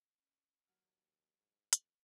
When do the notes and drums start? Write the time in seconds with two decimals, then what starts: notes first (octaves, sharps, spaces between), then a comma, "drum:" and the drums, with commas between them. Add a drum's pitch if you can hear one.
0.18 C#4
0.67 D#2 F#3 F#5 F6
1.36 G#2
1.73 F2, drum: hi-hat